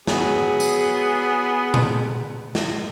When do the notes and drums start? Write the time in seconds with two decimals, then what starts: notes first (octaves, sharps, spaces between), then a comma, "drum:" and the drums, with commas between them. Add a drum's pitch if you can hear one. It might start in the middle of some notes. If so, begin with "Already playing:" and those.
0.07 F#3 B3 G#4, drum: snare
0.60 drum: tambourine
1.74 drum: tom A#2
2.55 drum: snare